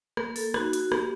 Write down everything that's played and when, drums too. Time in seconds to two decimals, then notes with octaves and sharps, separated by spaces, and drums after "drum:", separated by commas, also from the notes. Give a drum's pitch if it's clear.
0.17 A#3 A#4, drum: rim click
0.36 A4, drum: open hi-hat
0.54 D#4 F#4, drum: rim click
0.73 F#4, drum: hi-hat
0.92 A#3 G4, drum: rim click